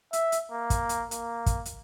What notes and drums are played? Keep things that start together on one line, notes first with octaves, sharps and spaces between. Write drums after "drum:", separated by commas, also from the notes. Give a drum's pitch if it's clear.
E5, drum: hi-hat
drum: hi-hat
A#3
drum: kick, hi-hat
drum: hi-hat
A#3, drum: hi-hat
drum: kick, hi-hat
drum: hi-hat